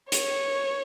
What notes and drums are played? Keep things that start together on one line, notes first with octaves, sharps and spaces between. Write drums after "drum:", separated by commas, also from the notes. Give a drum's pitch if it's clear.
C#5, drum: hi-hat